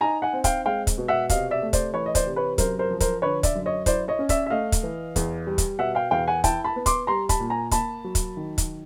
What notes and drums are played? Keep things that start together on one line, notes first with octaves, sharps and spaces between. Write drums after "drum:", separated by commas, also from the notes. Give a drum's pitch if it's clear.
D#4 G#5 A#5
F#5 G#5
C4
F5 G5, drum: kick, hi-hat
G#3 F5 G5
drum: kick, hi-hat
B2
E5 F#5
C3 D#5 F5, drum: kick, hi-hat
D5 E5
A3
C5 D5, drum: kick, hi-hat
E3 B4 C#5
D#5
C5 D5, drum: kick, hi-hat
C3
B4 C#5
F#2 A#4 C5, drum: kick, hi-hat
A#4 C5
F3
A#4 C5, drum: kick, hi-hat
D3 B4 C#5
D5 E5, drum: kick, hi-hat
F#2
C#5 D#5
E4 C5 D5, drum: kick, hi-hat
C#5 D#5
C#4
D5 E5, drum: kick, hi-hat
E5
A3 D#5 F5
drum: kick, hi-hat
E3
E2, drum: kick, hi-hat
G3
drum: kick, hi-hat
B2 E5 F#5
F5 G5
E2 F5 G5
F#5 G#5
E4 G5 A5, drum: kick, hi-hat
A5 B5
B3
C6 D6, drum: kick, hi-hat
G3 A#5 C6
A5 B5, drum: kick, hi-hat
A#2
G#5 A#5
A#3 A5 B5, drum: kick, hi-hat
F#3
drum: kick, hi-hat
D#3
drum: kick, hi-hat